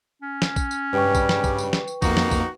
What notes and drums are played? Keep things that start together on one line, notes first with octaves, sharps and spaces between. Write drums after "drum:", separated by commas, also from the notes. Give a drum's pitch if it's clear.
C#4
drum: snare
drum: kick A#1, tambourine
drum: tambourine
G2 C#3 G3 B4 G5 C#6
drum: kick A#1, tambourine
drum: snare
drum: kick A#1, tambourine
drum: tambourine
drum: snare
drum: tambourine
F2 A#3 D#4 F#4, drum: kick A#1, tambourine
drum: snare
drum: kick A#1, tambourine